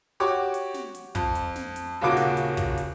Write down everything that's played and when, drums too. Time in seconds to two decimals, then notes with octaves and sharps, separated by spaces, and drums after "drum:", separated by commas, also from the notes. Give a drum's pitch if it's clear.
0.20 F#4 G4 C#5 C#6 D6
0.54 drum: hi-hat
0.74 drum: snare
0.95 drum: hi-hat
1.15 F2, drum: kick, hi-hat
1.35 drum: hi-hat
1.56 drum: snare
1.76 drum: hi-hat
2.01 D#1 C#3 A#3 F#4 D6 D7
2.17 drum: snare
2.37 drum: hi-hat
2.57 drum: kick, hi-hat
2.78 drum: hi-hat